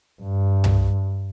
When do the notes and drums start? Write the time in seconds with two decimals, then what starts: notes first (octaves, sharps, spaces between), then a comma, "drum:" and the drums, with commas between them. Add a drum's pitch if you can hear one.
0.22 G2
0.64 drum: tom C2